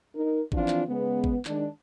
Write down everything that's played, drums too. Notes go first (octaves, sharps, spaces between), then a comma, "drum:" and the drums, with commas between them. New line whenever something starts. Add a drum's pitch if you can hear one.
D#4 A#4
E3 F3 C4 D4 F4, drum: kick
drum: clap
C#3 G#3 B3
drum: kick
D#3 G#3 D4, drum: clap